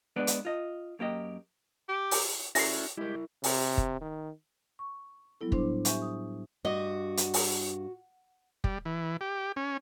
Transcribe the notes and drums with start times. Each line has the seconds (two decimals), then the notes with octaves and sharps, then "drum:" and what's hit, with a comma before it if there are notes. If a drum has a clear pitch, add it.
0.16 G#3 B3 D4 B4 D5
0.27 drum: hi-hat
0.45 F4 D#5
0.99 F#2 A#3 G4 D#5
1.89 G4
2.11 drum: open hi-hat
2.55 C#4 E4 F#4 A4 D5 E5 A#6 C7, drum: open hi-hat
2.97 G#3 E4 G4 A#4
3.44 C3, drum: open hi-hat
3.78 drum: kick
4.01 D#3
4.79 C#6
5.41 F#3 G3 B3 E4 A4
5.52 A2 D4 C5 C6 D6, drum: kick
5.85 G4 E5 G#5 C#6 G6, drum: hi-hat
6.02 D#6
6.65 G2 F#4 D#5
7.17 drum: hi-hat
7.34 drum: open hi-hat
8.64 G3, drum: kick
8.85 E3
9.21 G4
9.56 C#4